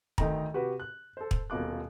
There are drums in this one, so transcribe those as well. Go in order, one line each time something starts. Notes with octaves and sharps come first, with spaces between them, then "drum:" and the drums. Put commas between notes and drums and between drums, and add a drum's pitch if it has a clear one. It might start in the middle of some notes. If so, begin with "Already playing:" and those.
D2 D#3 A3 D#4 G5 A#5, drum: kick
C3 F#4 G4 B4
F#6
A4 C5
drum: kick
D#1 B2 A#3 F4 D6 F#6